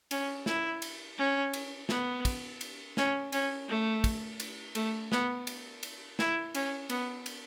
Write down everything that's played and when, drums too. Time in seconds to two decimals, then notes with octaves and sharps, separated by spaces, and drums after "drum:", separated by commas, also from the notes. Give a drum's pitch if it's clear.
0.11 C#4, drum: cymbal
0.46 E4, drum: snare
0.82 drum: cymbal
1.18 C#4
1.53 drum: cymbal
1.89 B3, drum: snare
2.25 drum: kick, cymbal
2.61 drum: cymbal
2.97 C#4, drum: snare
3.32 C#4, drum: cymbal
3.68 A3
4.04 drum: kick, cymbal
4.40 drum: cymbal
4.75 A3, drum: cymbal
5.12 B3, drum: snare
5.47 drum: cymbal
5.83 drum: cymbal
6.19 E4, drum: snare
6.55 C#4, drum: cymbal
6.90 B3, drum: cymbal
7.26 drum: cymbal